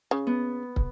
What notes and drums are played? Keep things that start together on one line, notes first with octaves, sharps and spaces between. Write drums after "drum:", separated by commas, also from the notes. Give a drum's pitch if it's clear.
C#3
B3
drum: kick